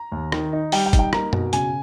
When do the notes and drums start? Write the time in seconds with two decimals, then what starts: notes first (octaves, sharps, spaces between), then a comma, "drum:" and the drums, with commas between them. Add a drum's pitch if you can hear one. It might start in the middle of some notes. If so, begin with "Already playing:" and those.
Already playing: A#5
0.12 D#2
0.32 D#3, drum: rim click
0.53 D#4
0.72 G3 G5, drum: open hi-hat
0.86 G5
0.93 D#4, drum: kick, hi-hat
0.99 G5
1.13 A#3 A#5, drum: rim click
1.33 B2, drum: tom F#2
1.53 C#3 G#5, drum: hi-hat